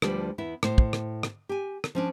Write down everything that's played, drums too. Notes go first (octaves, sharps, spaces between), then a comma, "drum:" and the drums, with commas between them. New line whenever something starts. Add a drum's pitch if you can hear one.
D2 D3 F3 G3 B4 D5, drum: rim click
E2 B3 E4
A2 C5, drum: rim click
drum: kick
drum: rim click
drum: rim click
G4 G#5
drum: rim click
F3 C#4 D4